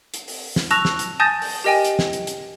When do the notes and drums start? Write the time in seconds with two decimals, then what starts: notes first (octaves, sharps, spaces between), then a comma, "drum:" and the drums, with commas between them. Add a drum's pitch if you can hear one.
0.14 drum: hi-hat
0.28 drum: open hi-hat
0.56 drum: snare
0.71 A5 C#6 E6 F#6 A#6 F7, drum: hi-hat
0.85 drum: snare
0.99 drum: hi-hat
1.20 G#5 A5 D#6 G6 A6 A#6
1.42 drum: open hi-hat
1.64 G4 A#4 D#5 G5 G#5
1.85 drum: hi-hat
1.99 drum: snare
2.13 drum: hi-hat
2.27 drum: hi-hat